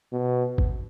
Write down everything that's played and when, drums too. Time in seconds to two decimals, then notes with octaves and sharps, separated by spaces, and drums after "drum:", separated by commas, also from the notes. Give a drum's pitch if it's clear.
0.12 B2
0.58 drum: kick